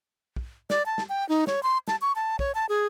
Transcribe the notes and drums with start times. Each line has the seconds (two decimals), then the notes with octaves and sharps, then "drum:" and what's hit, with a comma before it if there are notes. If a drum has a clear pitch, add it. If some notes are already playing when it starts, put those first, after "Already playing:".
0.36 drum: kick
0.70 D5, drum: snare
0.86 A5
0.98 drum: snare
1.09 G5
1.29 D#4
1.47 C#5, drum: snare
1.63 C6
1.88 A5, drum: snare
2.01 C#6
2.16 A5
2.39 C#5, drum: kick
2.55 A5
2.69 G#4